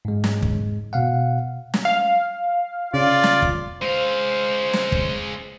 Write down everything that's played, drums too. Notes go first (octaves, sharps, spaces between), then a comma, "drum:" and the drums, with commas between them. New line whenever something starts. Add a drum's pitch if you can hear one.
G#2 G#3
drum: snare
drum: kick
B2 F5 F#5
drum: snare
F5
C#3 F4 D5
drum: snare
drum: kick
G#3 C5 F5
drum: snare
drum: kick